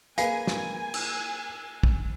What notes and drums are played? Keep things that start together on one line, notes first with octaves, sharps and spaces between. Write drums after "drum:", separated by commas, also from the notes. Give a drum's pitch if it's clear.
A#3 G#4 B4 F5 G#5, drum: hi-hat
drum: snare
drum: cymbal
drum: kick